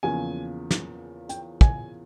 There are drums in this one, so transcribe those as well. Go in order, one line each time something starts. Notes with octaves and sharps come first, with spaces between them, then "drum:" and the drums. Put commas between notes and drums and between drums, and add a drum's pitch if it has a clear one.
E2 C#3 F3 A#3 G#5
drum: snare
G5, drum: hi-hat
G#5, drum: kick